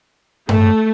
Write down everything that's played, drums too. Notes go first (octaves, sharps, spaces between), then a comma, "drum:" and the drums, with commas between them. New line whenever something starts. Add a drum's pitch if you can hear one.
A3, drum: tom G2